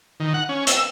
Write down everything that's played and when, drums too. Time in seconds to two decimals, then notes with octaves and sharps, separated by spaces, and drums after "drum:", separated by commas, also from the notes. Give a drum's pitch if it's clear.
0.20 D#3
0.34 F#5
0.49 C#4
0.67 E6, drum: hi-hat